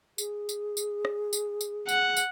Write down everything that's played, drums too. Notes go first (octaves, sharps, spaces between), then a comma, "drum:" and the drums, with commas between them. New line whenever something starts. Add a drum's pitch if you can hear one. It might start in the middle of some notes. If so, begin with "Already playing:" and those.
G#4, drum: tambourine
drum: tambourine
drum: tambourine
drum: rim click
drum: tambourine
drum: tambourine
F#5, drum: tambourine
drum: tambourine